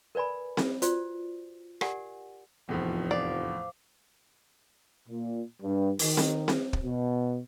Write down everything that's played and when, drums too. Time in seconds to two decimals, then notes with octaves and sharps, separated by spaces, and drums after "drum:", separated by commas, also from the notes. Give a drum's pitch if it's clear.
0.15 A#4 B4 D5 G#5 B5
0.57 drum: snare C4
0.82 F4 F#4 C5 D5, drum: hi-hat
1.81 G4 A#4 D5 F#5 G#5, drum: rim click
2.69 F1 E2 A2 F3
3.11 C5 D5 F5 D6
5.08 A#2
5.62 G2
5.99 D#3, drum: open hi-hat
6.17 drum: snare C4
6.48 drum: snare C4
6.73 drum: kick
6.83 B2